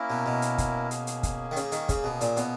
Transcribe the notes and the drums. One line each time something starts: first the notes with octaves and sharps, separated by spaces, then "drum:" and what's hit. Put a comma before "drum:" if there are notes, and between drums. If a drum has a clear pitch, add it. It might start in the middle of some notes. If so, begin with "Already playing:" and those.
Already playing: A#3 C#4 E4 A#4
B2
B2
drum: hi-hat
drum: kick, hi-hat
A#3 C#4 G#4, drum: hi-hat
drum: hi-hat
drum: kick, hi-hat
D#3
C#3, drum: hi-hat
D#3, drum: hi-hat
C#3, drum: kick, hi-hat
B2
A#2, drum: hi-hat
B2, drum: hi-hat